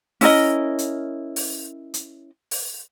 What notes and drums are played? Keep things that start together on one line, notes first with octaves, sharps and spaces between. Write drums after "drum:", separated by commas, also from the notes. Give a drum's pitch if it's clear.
C#4 E4 A#4 D#5, drum: open hi-hat
drum: hi-hat
drum: open hi-hat
drum: hi-hat
drum: open hi-hat